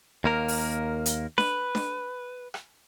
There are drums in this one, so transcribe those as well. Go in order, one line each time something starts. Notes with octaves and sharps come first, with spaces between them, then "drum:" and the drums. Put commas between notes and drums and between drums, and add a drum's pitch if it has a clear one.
D#2 A#3 A#4
drum: open hi-hat
drum: hi-hat
B4, drum: snare D4
drum: snare D4
drum: rim click